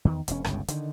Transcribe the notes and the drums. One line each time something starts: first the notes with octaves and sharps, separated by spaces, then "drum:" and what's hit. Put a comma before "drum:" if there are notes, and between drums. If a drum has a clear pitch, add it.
E2 D#3
E1 C#4, drum: hi-hat
G1 C#2 G2 C#3, drum: rim click
D3 D#3, drum: hi-hat